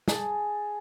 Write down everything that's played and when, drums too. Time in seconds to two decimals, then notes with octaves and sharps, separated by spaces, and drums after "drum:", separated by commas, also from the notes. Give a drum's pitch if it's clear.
0.08 G#4 A5, drum: snare